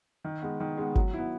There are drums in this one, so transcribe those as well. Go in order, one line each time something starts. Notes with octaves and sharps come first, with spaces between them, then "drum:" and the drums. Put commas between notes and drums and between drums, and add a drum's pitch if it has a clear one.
D#3
G#3 B3
D#3
G#3 B3
F#3, drum: kick G#1
B3 E4